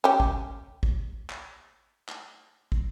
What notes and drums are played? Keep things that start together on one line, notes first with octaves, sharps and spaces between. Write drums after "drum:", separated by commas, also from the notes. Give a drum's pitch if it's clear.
C#4 G4
drum: kick
drum: kick
drum: clap
drum: clap
drum: kick